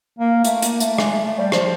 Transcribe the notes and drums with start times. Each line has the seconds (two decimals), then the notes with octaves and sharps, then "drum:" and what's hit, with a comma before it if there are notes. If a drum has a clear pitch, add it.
0.19 A#3
0.44 A3, drum: hi-hat
0.62 A#3, drum: hi-hat
0.80 A3, drum: hi-hat
0.98 G#3, drum: rim click
1.12 A3
1.25 A3
1.39 G3
1.52 F3, drum: rim click